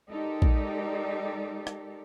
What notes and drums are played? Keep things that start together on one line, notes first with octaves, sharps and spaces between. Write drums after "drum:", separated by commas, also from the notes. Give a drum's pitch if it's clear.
G#3 D#4 G4 A4 A#4 D5
drum: kick A#1
drum: rim click